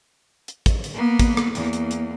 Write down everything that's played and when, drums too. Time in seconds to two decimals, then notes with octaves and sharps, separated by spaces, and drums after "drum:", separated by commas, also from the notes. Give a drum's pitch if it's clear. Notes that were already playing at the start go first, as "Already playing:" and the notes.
0.48 drum: hi-hat
0.66 drum: kick, hi-hat
0.84 drum: hi-hat
0.94 A#3 B3
1.19 drum: kick, hi-hat
1.37 drum: rim click
1.55 E2 A#3, drum: hi-hat
1.73 drum: hi-hat
1.91 drum: hi-hat